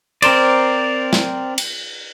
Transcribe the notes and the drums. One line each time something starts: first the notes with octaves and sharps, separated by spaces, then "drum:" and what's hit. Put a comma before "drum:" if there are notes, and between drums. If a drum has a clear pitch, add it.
C4 A#4 C5 D5, drum: cymbal
drum: snare
drum: cymbal